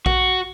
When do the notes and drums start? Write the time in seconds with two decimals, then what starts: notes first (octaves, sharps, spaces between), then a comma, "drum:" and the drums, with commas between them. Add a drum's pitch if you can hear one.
0.06 F#4, drum: kick A#1